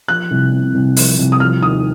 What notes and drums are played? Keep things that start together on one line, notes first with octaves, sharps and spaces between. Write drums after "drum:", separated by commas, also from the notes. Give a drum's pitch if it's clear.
F3 F#6
C2
C3
C2
F3, drum: open hi-hat
C2
D#6
F3 F6
D#2 D#6